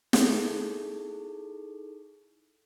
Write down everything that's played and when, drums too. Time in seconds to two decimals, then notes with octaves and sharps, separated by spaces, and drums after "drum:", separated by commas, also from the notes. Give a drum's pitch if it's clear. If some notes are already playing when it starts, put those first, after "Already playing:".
0.13 D#4 E4 G#4 A4, drum: snare